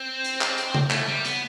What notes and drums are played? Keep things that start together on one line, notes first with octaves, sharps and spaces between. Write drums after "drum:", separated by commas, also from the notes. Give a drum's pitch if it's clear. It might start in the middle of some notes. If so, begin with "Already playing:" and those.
Already playing: C4
drum: hi-hat
drum: clap
drum: hi-hat
drum: tom C#3
A3, drum: clap
G3
B3, drum: hi-hat